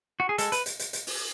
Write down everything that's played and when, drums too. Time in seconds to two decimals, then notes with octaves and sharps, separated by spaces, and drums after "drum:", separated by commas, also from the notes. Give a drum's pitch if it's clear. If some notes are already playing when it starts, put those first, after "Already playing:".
0.20 F#4
0.29 G#4
0.38 G#3 A4, drum: hi-hat
0.52 B4, drum: hi-hat
0.66 drum: hi-hat
0.79 drum: hi-hat
0.93 drum: hi-hat
1.07 drum: open hi-hat